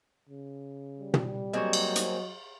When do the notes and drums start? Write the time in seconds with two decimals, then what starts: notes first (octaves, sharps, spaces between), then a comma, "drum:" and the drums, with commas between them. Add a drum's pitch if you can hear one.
0.29 C#3
0.99 G3
1.14 drum: tom
1.53 F#3 A#3 C4 G#4 D#5 C#6
1.73 drum: cymbal
1.96 drum: hi-hat